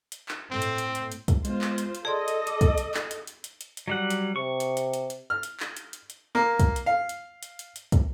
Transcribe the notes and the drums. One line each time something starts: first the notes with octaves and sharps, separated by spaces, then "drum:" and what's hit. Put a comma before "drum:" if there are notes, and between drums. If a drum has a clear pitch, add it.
drum: hi-hat
drum: clap
A2 C4
drum: hi-hat
drum: hi-hat
drum: hi-hat
drum: hi-hat
drum: kick, hi-hat
G#3 B3 F4 C5, drum: hi-hat
drum: clap
drum: hi-hat
drum: hi-hat
G#4 A4 D5 D#5 A5 C6
drum: hi-hat
D6, drum: hi-hat
drum: kick, hi-hat
drum: hi-hat
drum: clap
drum: hi-hat
drum: hi-hat
drum: hi-hat
drum: hi-hat
drum: hi-hat
F#3 G3 F#5
drum: hi-hat
C3 C#6
drum: hi-hat
drum: hi-hat
drum: hi-hat
drum: hi-hat
F6
drum: hi-hat
drum: clap
drum: hi-hat
drum: hi-hat
drum: hi-hat
A#3
drum: kick, hi-hat
drum: hi-hat
F5
drum: hi-hat
drum: hi-hat
drum: hi-hat
drum: hi-hat
drum: kick, hi-hat